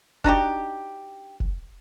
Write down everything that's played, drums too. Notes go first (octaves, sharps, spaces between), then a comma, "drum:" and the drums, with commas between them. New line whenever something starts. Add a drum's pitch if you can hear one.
D4 D#4 F#4 G4, drum: kick F1
drum: kick F1